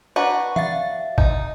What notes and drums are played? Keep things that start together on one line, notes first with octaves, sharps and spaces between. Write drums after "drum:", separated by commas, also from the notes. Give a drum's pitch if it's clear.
D4 F#4 B4 A#5 C#6
E5 F5 A6, drum: tom
D#4, drum: kick A1